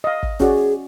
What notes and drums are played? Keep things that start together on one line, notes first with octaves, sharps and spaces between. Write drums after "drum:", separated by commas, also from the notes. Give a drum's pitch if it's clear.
D#5 F5
drum: kick
C#4 F#4 G#4 D5, drum: kick